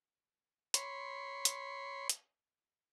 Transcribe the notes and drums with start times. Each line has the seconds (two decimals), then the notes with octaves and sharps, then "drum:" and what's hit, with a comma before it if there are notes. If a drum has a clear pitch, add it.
0.74 C#5 B5 C6, drum: hi-hat
1.45 drum: hi-hat
2.09 drum: hi-hat